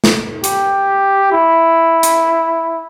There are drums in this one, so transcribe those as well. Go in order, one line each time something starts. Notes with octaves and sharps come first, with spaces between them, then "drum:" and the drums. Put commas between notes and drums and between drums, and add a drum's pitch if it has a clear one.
drum: snare
G4, drum: hi-hat
E4
drum: hi-hat